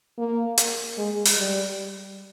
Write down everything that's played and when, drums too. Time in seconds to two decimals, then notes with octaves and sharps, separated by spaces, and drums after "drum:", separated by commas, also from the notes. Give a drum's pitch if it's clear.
0.18 A#3
0.58 drum: hi-hat
0.98 G#3
1.25 drum: open hi-hat
1.37 G3